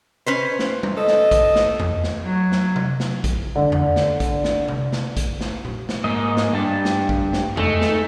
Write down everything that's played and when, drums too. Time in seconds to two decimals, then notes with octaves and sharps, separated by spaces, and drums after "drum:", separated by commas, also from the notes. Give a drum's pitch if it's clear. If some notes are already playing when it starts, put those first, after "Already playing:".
0.26 C#4 B4 C5
0.59 drum: snare
0.83 drum: tom G3
0.98 A4 D#5
1.07 drum: snare
1.31 drum: kick, hi-hat
1.56 drum: snare
1.80 drum: tom E2
2.04 drum: snare
2.24 F#3
2.52 drum: snare
2.76 drum: tom C3
3.00 drum: snare
3.24 drum: kick, hi-hat
3.56 D3
3.72 drum: tom E2
3.96 drum: snare
4.20 drum: kick, hi-hat
4.44 drum: snare
4.68 drum: tom C3
4.93 drum: snare
5.17 drum: kick, hi-hat
5.41 drum: snare
5.65 drum: tom A#2
5.89 drum: snare
6.04 G#2 A#3 D#5
6.37 drum: snare
6.53 G2 G4 A5
6.85 drum: snare
7.09 drum: kick
7.33 drum: snare
7.57 G#3 A3 D#4, drum: tom E2
7.81 drum: snare